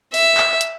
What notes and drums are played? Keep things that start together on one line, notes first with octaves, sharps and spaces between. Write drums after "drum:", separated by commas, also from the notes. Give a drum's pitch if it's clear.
E5, drum: open hi-hat
drum: clap
drum: hi-hat